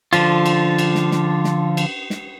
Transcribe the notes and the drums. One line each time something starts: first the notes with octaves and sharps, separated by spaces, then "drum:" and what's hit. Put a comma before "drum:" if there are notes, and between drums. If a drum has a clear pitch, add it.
D3 F3 F4, drum: cymbal
drum: cymbal
drum: cymbal
drum: snare
drum: snare
drum: snare
drum: cymbal
drum: snare